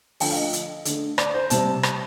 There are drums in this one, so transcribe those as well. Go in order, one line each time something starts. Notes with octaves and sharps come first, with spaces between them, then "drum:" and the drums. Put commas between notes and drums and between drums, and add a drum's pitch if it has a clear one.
D3 F3 A3 G5, drum: open hi-hat
F5
D#5
drum: hi-hat
D3 A3, drum: hi-hat
D5, drum: rim click
C5
C3 G3 A5, drum: hi-hat
drum: rim click